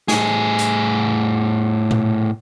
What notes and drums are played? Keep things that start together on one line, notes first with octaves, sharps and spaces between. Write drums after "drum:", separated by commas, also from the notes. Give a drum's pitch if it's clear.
A2 G#4, drum: snare
drum: hi-hat
drum: tom A#2